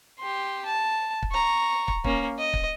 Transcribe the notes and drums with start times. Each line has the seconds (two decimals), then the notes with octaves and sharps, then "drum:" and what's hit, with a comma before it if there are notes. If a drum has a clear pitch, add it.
0.19 G4 C6
0.66 A5
1.23 drum: kick
1.32 A#5 C#6
1.88 drum: kick
2.04 A#3 C#4, drum: kick
2.38 D#5
2.54 drum: kick